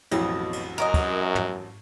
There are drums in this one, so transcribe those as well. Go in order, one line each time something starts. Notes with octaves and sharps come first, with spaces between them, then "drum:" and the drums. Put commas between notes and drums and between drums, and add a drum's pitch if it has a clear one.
A1 F2 B2 F#3 E4, drum: cymbal
drum: cymbal
F#2 A#4 C#5 D#5
drum: kick, cymbal
drum: tom